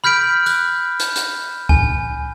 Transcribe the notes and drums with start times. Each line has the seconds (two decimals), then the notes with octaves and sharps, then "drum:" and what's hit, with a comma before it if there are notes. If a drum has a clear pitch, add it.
0.04 B5 F6 G6 B6 D7
0.46 F#6, drum: tambourine
1.00 drum: hi-hat
1.16 drum: hi-hat
1.69 G#5, drum: kick C#2